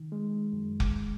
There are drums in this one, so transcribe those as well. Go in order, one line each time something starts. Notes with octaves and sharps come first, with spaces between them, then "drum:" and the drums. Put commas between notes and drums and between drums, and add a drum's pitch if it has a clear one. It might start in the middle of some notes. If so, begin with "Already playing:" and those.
Already playing: D#3
G#3
F#2
drum: kick F1